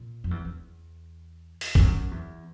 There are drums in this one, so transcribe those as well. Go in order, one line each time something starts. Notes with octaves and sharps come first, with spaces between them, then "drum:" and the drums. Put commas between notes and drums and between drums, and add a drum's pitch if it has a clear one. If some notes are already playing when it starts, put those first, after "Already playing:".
Already playing: A#2
F2
E2
E2
drum: open hi-hat
G2, drum: kick
F#2
E2